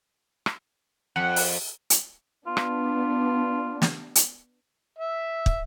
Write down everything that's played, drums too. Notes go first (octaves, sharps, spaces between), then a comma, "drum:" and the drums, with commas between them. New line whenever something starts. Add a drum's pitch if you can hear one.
drum: rim click
F2 F#5
drum: open hi-hat
drum: hi-hat
B3 D4 F4
drum: rim click
drum: snare
drum: hi-hat
E5
drum: kick